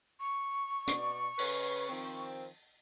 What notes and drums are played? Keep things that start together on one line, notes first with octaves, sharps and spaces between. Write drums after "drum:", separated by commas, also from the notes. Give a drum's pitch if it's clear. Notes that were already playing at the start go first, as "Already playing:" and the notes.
C#6
B2 D5, drum: hi-hat
C#3 C#4 B4, drum: open hi-hat
D#3 F3 C4